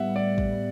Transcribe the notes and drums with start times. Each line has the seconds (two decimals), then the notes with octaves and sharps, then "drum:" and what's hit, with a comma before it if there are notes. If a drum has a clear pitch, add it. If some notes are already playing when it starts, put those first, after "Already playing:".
Already playing: A2 G3 B3 E5 F#5
0.16 D5
0.38 drum: kick